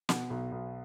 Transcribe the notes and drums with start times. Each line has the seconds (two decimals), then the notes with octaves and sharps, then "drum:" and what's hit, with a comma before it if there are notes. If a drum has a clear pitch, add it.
0.09 B2, drum: snare
0.30 B1
0.52 B1